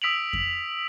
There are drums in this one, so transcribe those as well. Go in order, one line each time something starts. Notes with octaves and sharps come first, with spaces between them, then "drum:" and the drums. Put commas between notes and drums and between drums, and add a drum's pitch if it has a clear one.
D#6 E6 B6 D7 F7 F#7
drum: kick F2